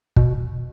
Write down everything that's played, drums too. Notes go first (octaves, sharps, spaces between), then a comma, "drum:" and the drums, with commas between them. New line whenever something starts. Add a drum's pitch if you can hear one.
B2, drum: kick